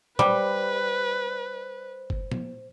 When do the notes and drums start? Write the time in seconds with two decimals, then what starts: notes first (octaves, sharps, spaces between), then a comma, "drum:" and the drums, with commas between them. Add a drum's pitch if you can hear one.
0.19 G3 B4 C5, drum: tom
2.10 drum: kick F#1
2.32 drum: tom